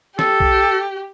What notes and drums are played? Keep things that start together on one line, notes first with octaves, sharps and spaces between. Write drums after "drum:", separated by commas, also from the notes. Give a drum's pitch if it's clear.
G4 A4, drum: snare
drum: kick B1